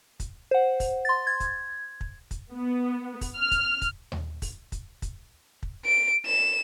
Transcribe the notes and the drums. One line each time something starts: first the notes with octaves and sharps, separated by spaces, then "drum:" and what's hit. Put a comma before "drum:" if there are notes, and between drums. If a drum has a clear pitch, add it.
drum: kick, hi-hat
C5 F#5
drum: kick, open hi-hat
C6 A6
G#6
drum: kick, hi-hat
drum: kick
drum: kick, hi-hat
B3
drum: kick, open hi-hat
F6
drum: kick, hi-hat
drum: kick, hi-hat
drum: tom D#2
drum: kick, open hi-hat
drum: kick, hi-hat
drum: kick, hi-hat
drum: kick
D7
E7